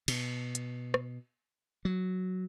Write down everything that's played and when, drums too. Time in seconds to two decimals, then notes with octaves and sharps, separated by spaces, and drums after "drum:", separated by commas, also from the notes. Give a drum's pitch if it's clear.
0.08 B2, drum: cymbal
0.55 drum: hi-hat
0.94 drum: rim click
1.85 F#3